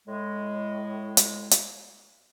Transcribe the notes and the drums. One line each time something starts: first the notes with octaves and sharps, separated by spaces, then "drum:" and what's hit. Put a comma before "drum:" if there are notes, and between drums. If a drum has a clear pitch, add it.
A2 G#3
drum: hi-hat
drum: hi-hat